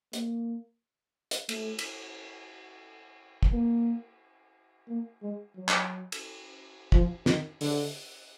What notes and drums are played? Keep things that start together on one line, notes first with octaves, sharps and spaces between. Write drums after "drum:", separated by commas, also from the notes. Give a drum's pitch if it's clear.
A#3, drum: hi-hat
drum: hi-hat
A3, drum: cymbal
drum: cymbal
drum: kick
A#3
A#3
G#3
F#3
drum: clap
drum: cymbal
F3, drum: kick
D#3, drum: snare
D3, drum: open hi-hat